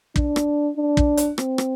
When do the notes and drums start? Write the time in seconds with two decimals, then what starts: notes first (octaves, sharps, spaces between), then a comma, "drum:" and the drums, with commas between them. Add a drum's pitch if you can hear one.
0.16 D4, drum: kick
0.36 drum: rim click
0.77 D4
0.97 drum: kick
1.17 drum: hi-hat
1.38 C4, drum: rim click
1.58 drum: rim click